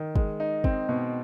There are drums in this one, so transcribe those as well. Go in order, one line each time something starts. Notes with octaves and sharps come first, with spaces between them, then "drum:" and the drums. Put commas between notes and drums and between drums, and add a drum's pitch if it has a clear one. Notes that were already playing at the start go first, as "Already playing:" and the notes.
Already playing: D#3
G#3, drum: kick
D#4
C4, drum: kick
B2